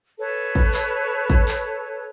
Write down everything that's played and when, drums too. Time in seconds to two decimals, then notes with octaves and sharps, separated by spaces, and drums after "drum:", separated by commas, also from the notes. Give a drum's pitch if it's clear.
0.18 A4 B4 C#5
0.55 drum: kick
0.74 drum: clap
1.30 drum: kick
1.48 drum: clap